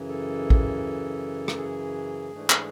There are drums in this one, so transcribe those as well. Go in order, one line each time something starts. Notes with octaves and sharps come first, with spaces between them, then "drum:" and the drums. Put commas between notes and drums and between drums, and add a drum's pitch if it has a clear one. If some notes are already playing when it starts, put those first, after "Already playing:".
Already playing: F#2 C#3 E3
A4
drum: kick A1
drum: rim click
G#4
G#2 E3 A3 D4
drum: clap